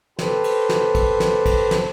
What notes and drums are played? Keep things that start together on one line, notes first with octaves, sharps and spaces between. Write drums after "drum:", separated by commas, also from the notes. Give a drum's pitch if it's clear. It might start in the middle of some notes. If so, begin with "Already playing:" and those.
G4 A4 B4 C5, drum: snare
drum: cymbal
drum: snare
drum: kick, cymbal
drum: snare
drum: kick, cymbal
drum: snare